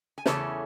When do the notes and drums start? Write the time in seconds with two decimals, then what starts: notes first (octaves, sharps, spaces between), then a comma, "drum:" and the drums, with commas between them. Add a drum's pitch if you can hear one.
0.18 G#5
0.26 E2 C#3 E3 A3 C#4 A5, drum: snare